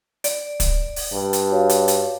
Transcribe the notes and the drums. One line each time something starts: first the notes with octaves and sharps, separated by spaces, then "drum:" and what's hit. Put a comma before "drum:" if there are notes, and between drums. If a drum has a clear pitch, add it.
D5 D7, drum: hi-hat
drum: kick, hi-hat
drum: open hi-hat
G2
drum: hi-hat
F#4 C#5 F5
drum: hi-hat
drum: hi-hat